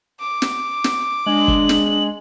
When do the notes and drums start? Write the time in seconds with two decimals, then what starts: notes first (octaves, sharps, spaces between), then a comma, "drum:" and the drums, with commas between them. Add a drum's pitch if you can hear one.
0.21 D6
0.42 drum: snare
0.84 drum: snare
1.26 G#3 D4 F#7
1.48 drum: kick
1.69 drum: snare